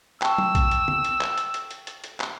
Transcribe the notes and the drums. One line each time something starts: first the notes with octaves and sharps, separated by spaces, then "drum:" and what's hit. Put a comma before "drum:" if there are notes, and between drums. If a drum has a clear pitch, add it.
G5 A5 C#6 E6, drum: clap
drum: tom
drum: kick A#1, hi-hat
drum: hi-hat
drum: tom
drum: hi-hat
drum: clap
drum: hi-hat
drum: hi-hat
drum: hi-hat
drum: hi-hat
drum: hi-hat
drum: clap